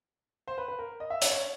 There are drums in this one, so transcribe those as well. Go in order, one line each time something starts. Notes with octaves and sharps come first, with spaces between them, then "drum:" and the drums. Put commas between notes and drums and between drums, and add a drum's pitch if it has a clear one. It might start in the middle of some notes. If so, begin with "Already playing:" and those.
C5
B4
B4
A#4
D#5
E5
D#5, drum: hi-hat
C#5